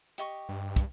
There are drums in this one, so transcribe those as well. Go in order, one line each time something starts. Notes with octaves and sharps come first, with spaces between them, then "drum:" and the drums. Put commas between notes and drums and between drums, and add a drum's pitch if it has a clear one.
G4 D#5 C#6, drum: hi-hat
G2
drum: kick, hi-hat